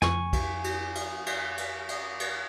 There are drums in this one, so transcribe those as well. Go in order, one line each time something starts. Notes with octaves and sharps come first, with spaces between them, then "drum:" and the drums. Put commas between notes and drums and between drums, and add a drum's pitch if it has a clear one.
F2 G#5 C#6, drum: snare
drum: kick B1, cymbal
drum: cymbal
drum: cymbal
drum: cymbal
drum: cymbal
drum: cymbal
drum: cymbal